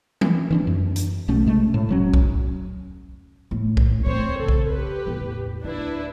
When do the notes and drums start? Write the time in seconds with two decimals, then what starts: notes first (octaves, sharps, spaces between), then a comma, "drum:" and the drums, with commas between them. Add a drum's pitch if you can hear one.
0.21 drum: tom E3
0.51 E3 C#4 D4
0.67 F#2
0.96 drum: hi-hat
1.28 B1 B2 A3 C#4
1.47 C3 G#3 A3
1.74 A2
1.89 F1 F#3 C#4
2.14 drum: kick B1
3.51 A2
3.77 drum: kick B1
4.06 A3 B3 C4 C5 C#5
4.39 C#3 A4
4.48 drum: kick B1
4.71 G4 B4
5.06 E2 A2
5.64 D2 D4 E4 B4